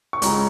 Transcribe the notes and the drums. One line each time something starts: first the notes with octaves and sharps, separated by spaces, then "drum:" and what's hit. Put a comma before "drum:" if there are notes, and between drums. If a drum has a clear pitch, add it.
C#6
C#2 C#3 G#3 A#5, drum: hi-hat